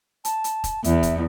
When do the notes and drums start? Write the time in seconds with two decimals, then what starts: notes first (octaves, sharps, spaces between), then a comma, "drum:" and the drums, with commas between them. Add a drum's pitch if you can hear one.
0.25 A5, drum: hi-hat
0.44 drum: hi-hat
0.64 drum: kick, hi-hat
0.84 E2 E5, drum: hi-hat
1.03 drum: kick, hi-hat